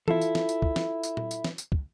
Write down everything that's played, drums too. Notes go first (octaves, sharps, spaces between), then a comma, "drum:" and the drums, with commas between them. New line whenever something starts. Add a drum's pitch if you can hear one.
E4 F4 A4, drum: tom E3
drum: tambourine
drum: snare
drum: tambourine
drum: kick
drum: snare
drum: tambourine
drum: tom A#2
drum: tambourine
drum: snare
drum: tambourine
drum: kick